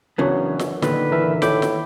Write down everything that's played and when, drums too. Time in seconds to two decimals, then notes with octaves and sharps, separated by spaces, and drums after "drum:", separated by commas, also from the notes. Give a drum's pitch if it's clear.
0.18 F#2 C#3 E3 F#3 B3 D4 C#5
0.59 drum: snare
0.82 A#2 D3 D#3 B4, drum: snare
1.11 E3 A#4 E5
1.42 A2 B5 D6 G6, drum: snare
1.62 drum: snare